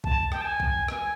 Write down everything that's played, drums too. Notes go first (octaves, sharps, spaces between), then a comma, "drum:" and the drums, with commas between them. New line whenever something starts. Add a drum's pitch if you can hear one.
A5, drum: kick B1
G5, drum: rim click
A5
G#5
drum: kick B1
G#5, drum: rim click